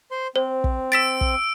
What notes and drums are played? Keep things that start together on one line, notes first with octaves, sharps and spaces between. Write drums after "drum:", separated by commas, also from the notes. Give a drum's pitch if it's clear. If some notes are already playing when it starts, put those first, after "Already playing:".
C5 C6
C4 C5
drum: kick
E6 A6 B6 D7 E7
drum: kick